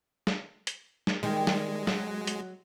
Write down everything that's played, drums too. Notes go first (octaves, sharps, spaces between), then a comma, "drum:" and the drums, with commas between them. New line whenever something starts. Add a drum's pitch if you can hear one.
drum: snare
drum: hi-hat
drum: snare
D#3 G3 G#3
drum: snare
F#3, drum: snare
drum: hi-hat